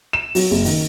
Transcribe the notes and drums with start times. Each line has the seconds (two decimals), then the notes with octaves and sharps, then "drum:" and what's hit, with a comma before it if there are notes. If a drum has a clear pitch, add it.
0.13 E7
0.35 F#3, drum: open hi-hat
0.51 F#1
0.65 D#3, drum: open hi-hat